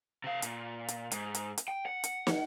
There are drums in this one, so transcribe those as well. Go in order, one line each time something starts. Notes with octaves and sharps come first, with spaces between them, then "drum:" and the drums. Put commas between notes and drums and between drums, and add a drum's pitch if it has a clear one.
C3 F5
A#2, drum: hi-hat
drum: hi-hat
G#2, drum: hi-hat
drum: hi-hat
drum: hi-hat
G5
F#5
drum: hi-hat
drum: snare